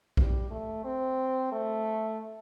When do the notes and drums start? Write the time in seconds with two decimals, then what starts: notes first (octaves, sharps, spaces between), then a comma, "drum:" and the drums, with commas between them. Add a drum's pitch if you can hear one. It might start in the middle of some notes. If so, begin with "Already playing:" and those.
0.17 G3, drum: kick A#1
0.50 A3
0.84 C4
1.52 A3